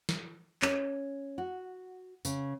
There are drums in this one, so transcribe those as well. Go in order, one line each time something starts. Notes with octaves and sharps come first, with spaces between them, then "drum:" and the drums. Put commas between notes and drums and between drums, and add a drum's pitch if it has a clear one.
drum: snare
C#4, drum: clap
F#4
C#3, drum: tambourine